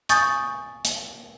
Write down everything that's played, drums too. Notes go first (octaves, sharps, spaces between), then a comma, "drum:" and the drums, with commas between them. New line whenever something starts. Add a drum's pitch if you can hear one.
G#5 C#6 D#6 G6 A6, drum: hi-hat
drum: hi-hat